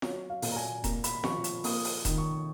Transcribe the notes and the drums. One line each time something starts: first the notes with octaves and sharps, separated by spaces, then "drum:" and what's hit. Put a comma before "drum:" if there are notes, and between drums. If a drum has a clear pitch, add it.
F#3 C#5, drum: snare F4
F5
A#2, drum: open hi-hat
A#5
G#5
A#3 A#5, drum: kick E1, hi-hat
B5, drum: hi-hat
F3 C#6, drum: snare F4
drum: hi-hat
A#3 D#6, drum: open hi-hat
drum: open hi-hat
D#3, drum: kick E1, hi-hat
C#6